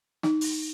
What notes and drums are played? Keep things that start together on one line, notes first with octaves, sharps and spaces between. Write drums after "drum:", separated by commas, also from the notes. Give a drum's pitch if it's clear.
D#4, drum: snare
drum: open hi-hat